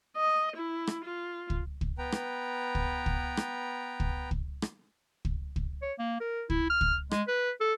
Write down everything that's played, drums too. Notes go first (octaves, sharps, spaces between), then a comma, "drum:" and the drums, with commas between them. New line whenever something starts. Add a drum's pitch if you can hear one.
D#5
E4
drum: rim click
F4
drum: kick
drum: kick
B3 B4 G5 A#5
drum: rim click
drum: kick
drum: kick
drum: rim click
drum: kick
drum: kick
drum: rim click
drum: kick
drum: kick
C#5
A#3
A#4
E4, drum: kick
F6
drum: kick
G#3, drum: rim click
B4
A4